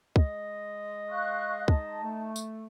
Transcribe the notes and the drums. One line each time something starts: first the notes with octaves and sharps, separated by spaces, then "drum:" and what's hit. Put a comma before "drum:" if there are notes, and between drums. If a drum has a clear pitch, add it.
G#3 D#5, drum: kick
F5 C#6 F#6
D#4 A5, drum: kick
A3
drum: tambourine